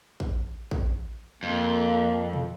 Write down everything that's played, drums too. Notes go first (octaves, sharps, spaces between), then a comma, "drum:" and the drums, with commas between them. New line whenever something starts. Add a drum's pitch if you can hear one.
drum: kick
drum: kick
F2 A#3
drum: tom A#2